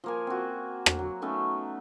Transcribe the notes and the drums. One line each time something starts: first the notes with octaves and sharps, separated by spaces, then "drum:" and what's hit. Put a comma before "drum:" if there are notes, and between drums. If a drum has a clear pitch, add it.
F3 A#3 G#5
C4 F#4
drum: rim click
F#3
A3 B3 C#4 D#4